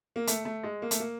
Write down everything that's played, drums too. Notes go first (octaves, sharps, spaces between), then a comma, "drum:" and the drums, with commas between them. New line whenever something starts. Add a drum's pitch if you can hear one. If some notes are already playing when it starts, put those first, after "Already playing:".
A#3
A3, drum: hi-hat
A3
G#3
A#3
A3, drum: hi-hat
A#3